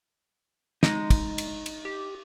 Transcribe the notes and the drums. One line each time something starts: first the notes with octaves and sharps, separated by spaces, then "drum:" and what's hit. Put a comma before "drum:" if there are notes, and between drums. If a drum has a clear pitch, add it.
G#3 D#4, drum: snare
drum: kick, cymbal
drum: cymbal
drum: cymbal
G4